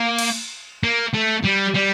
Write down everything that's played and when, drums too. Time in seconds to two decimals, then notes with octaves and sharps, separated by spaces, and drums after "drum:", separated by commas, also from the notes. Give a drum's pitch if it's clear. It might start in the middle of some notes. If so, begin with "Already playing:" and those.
Already playing: A#3
0.19 drum: cymbal
0.84 A#3
1.14 A3
1.45 G3
1.75 G3